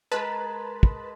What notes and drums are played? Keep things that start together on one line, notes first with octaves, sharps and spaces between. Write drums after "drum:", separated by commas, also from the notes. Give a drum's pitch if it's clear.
G#3 A#4 B4 A5 B5
drum: kick